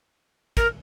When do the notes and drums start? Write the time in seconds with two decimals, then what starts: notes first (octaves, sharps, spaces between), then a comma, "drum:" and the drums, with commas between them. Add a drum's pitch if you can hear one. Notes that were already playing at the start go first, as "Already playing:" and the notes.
0.57 A#4, drum: kick